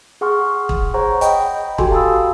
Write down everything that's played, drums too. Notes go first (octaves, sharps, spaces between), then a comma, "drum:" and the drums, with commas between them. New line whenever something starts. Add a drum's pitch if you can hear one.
G#4 F#5 C6 C#6 F6
drum: kick
G#4 C5 C#5 F#5 A#5 C#6
D#5 G5 B5, drum: hi-hat
F#4 G4 A4 G5 G#5 C6, drum: kick
F5 A5 B5 D#6 E6